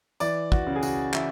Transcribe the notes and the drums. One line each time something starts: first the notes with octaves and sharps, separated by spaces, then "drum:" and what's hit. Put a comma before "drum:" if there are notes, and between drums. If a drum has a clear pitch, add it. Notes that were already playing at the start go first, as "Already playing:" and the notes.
E3 D5, drum: tambourine
F#4, drum: kick
C#3
G#4
F#4, drum: tambourine
E3 E5, drum: clap